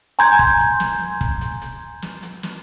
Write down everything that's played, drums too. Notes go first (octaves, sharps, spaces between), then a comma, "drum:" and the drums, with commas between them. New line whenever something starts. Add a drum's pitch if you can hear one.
G#5 A#5 C6 G6 G#6, drum: hi-hat
drum: kick, hi-hat
drum: hi-hat
drum: snare
drum: kick, hi-hat
drum: hi-hat
drum: hi-hat
drum: snare
drum: hi-hat
drum: snare